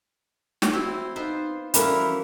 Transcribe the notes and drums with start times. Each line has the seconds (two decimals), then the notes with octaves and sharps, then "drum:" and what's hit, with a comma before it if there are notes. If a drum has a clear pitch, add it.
0.62 drum: snare
0.73 C4 E4 F#4
1.16 B3 D#4 F4 C5
1.74 E3 F3 G3 C#4 E4 F#4 A#4, drum: hi-hat